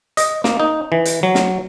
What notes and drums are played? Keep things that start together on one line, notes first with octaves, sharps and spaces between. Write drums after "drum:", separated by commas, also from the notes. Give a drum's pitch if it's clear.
D#5, drum: hi-hat
A#3, drum: snare
D#4
E3
drum: hi-hat
F#3
drum: snare